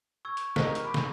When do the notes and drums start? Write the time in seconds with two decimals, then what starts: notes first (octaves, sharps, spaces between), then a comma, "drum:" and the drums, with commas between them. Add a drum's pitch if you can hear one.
0.25 C#6 E6 G#6
0.37 drum: hi-hat
0.56 G4 A#4 D#5 F#6 B6, drum: snare
0.75 drum: hi-hat
0.84 B5 D6
0.94 drum: snare